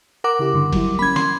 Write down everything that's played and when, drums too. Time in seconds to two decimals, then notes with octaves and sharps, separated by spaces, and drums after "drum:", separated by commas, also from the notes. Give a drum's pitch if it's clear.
0.24 A#4 F#5 D6
0.39 C#3 E4 G4
0.54 G2 D3 C6
0.73 F#3 G3 E4, drum: kick G1, cymbal
0.99 A#3 C#4 B5 G#6
1.16 C6, drum: snare